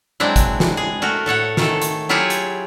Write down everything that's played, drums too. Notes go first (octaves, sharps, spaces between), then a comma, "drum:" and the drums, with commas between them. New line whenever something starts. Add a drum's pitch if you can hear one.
F#3 G#3 C4 D4 E4
drum: kick, hi-hat
drum: snare
G#4
A3 F#4 A#4
A2 A4 C#5 F#5
D#3 A3 A4, drum: snare
drum: hi-hat
F#3 E4 F4 G4 G#4 C#5
drum: hi-hat